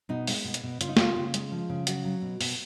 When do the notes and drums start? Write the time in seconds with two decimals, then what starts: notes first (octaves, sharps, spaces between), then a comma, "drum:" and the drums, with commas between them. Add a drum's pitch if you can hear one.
0.09 B2 D#4
0.27 G#3, drum: open hi-hat
0.45 B2
0.54 drum: hi-hat
0.64 B2
0.81 C#3 F4, drum: hi-hat
0.89 D#4
0.97 C#3 F4, drum: snare
1.16 C#3
1.34 G#3, drum: hi-hat
1.52 F3
1.69 C#3
1.87 F#3 F#4, drum: hi-hat
2.05 F#3
2.22 B2
2.41 B2, drum: open hi-hat